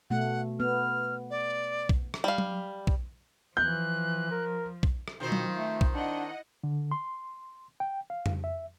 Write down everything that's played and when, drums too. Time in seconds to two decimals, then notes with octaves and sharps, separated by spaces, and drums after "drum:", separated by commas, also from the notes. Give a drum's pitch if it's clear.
0.10 B2 A3 F#5
0.60 B3 F6
1.30 D5
1.89 drum: kick
2.14 drum: rim click
2.24 G3 F5
2.38 drum: tom F#3
2.87 drum: kick
3.57 E3 F3 F#6 G6
4.31 A#4
4.83 drum: kick
5.08 drum: rim click
5.20 B2 D#3 C4 F4 C5
5.32 drum: tom F#3
5.56 A3
5.81 drum: kick
5.95 D4 E4 D#5 F#5
6.64 D3
6.91 C6
7.80 G5
8.10 F5
8.26 drum: tom F2
8.44 E5